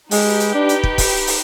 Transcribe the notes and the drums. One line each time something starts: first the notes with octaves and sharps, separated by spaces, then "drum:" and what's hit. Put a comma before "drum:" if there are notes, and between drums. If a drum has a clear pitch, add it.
G#3 D#4 G4 B4, drum: open hi-hat
drum: hi-hat
D4
drum: hi-hat
drum: kick
drum: kick, open hi-hat
drum: open hi-hat